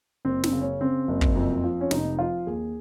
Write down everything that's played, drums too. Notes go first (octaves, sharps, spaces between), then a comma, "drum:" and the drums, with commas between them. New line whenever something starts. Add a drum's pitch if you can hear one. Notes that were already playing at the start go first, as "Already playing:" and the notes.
F#1 C4
C4, drum: snare
C#3
C#4
C#3 C4
F#1
drum: kick
F2
F3
C#4
F1 D#4, drum: snare
F3 F4
D#2 G#4